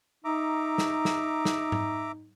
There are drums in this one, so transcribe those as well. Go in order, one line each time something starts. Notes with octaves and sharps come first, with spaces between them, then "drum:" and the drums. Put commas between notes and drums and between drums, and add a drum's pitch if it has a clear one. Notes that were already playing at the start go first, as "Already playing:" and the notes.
D#4 E5 A#5 D6
drum: snare
drum: snare
drum: snare
drum: tom G#2